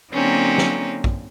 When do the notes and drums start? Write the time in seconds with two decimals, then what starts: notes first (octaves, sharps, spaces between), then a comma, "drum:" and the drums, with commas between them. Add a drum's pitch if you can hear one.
0.12 D3 F#3 A#3 C4 C#4 D#4
0.58 drum: snare
1.04 drum: kick A#1